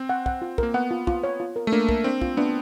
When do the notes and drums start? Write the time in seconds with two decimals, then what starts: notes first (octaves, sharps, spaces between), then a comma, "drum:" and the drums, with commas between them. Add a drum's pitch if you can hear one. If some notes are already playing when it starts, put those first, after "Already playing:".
Already playing: C4
0.09 F#5
0.26 F#5, drum: kick
0.42 F4
0.58 A#3 A#4, drum: kick
0.74 B3 F#5
0.91 F4
1.07 F4, drum: kick
1.24 C#5
1.40 F4
1.56 A#4
1.67 A3
1.72 A#3 D4
1.89 A#4, drum: kick
2.04 C4 D4
2.22 F4, drum: kick
2.37 B3 D4